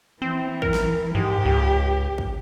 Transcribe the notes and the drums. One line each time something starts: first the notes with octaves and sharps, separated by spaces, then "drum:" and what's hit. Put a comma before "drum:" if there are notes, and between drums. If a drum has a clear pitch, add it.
E3 C4
A#4, drum: kick
drum: snare
G#2 G4
C#2
drum: kick